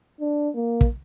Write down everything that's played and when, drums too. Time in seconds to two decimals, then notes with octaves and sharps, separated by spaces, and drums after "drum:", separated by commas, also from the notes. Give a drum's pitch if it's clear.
0.20 D4
0.54 A#3
0.81 drum: kick